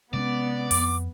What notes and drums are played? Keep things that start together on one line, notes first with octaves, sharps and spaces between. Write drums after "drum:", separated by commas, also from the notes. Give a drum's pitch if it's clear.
C3 G#3 B3 C#4 D5
F2 D6, drum: open hi-hat